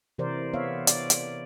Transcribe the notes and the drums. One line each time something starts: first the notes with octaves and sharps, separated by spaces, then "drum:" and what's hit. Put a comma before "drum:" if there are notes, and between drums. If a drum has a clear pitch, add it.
C3 E3 A#4 C5 D5
B3 C#5 E5 F5
D5, drum: hi-hat
drum: hi-hat